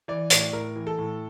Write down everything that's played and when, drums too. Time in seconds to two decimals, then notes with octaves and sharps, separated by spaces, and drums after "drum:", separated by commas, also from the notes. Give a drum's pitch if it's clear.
0.08 E3 D5
0.30 A2 D5, drum: hi-hat
0.53 A2 A#4
0.76 E3
0.87 A4
0.98 A2